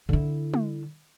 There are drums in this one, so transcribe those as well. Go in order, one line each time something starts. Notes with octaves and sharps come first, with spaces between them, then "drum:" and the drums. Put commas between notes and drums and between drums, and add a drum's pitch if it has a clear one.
D3 E4
drum: tom